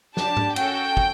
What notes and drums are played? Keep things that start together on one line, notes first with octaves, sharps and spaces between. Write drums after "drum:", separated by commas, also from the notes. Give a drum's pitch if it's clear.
D4 G4 A5, drum: snare
drum: tom G#2
C#4 F#4 A4 G5, drum: cymbal
drum: kick